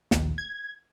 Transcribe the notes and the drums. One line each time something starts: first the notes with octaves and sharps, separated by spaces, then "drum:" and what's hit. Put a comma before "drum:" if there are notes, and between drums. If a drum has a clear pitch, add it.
A#1 D#2, drum: snare
G#6